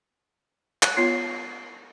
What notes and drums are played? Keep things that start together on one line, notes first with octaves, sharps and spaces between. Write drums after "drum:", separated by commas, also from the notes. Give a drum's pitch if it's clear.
F#6, drum: clap
B3 F4 C#5 C7